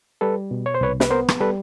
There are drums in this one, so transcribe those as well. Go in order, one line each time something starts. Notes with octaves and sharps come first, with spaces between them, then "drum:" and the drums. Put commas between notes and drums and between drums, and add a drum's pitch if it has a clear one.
G3 A4 B4
B2
C#5
C5
C2 B4 C#5
B4, drum: snare
B3 A#4 C5
drum: rim click
G3 A4 B4